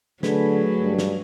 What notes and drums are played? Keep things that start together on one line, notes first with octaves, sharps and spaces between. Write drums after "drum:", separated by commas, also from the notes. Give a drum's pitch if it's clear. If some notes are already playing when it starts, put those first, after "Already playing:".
D3 F#3 A3 G#4 B4, drum: snare
G2
drum: snare